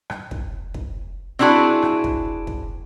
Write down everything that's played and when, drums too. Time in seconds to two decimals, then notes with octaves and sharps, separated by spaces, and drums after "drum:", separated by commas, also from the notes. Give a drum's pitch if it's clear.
0.10 drum: rim click
0.31 drum: kick
0.74 drum: kick
1.39 C4 D4 E4 F#4 G#4
1.82 drum: rim click
2.04 drum: kick
2.47 drum: kick